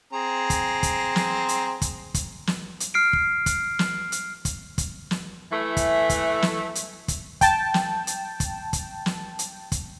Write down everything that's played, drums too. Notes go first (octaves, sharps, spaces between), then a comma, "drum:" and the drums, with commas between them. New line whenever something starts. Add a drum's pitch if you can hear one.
C4 G#4 A#5
drum: kick, hi-hat
drum: kick, hi-hat
drum: snare
drum: hi-hat
drum: kick, hi-hat
drum: kick, hi-hat
drum: snare
drum: hi-hat
F6 C7 D7
drum: kick
drum: kick, hi-hat
drum: snare
drum: hi-hat
drum: kick, hi-hat
drum: kick, hi-hat
drum: snare
E3 A3
drum: kick, hi-hat
drum: kick, hi-hat
drum: snare
drum: hi-hat
drum: kick, hi-hat
G5 A5, drum: kick, hi-hat
drum: snare
drum: hi-hat
drum: kick, hi-hat
drum: kick, hi-hat
drum: snare
drum: hi-hat
drum: kick, hi-hat